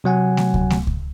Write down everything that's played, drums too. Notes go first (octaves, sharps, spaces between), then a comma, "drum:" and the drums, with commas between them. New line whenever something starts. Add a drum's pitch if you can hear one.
C3 F#3 F#5 G#5
drum: snare A3
drum: kick C#2
drum: snare A3
drum: kick C#2